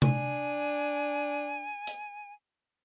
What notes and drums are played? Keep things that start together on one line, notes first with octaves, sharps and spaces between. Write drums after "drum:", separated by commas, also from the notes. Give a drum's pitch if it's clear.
D4 G#5, drum: tom C3
drum: hi-hat